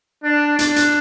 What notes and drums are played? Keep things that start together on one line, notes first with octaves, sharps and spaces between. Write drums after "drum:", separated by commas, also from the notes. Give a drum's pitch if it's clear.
D4
D4, drum: hi-hat
drum: hi-hat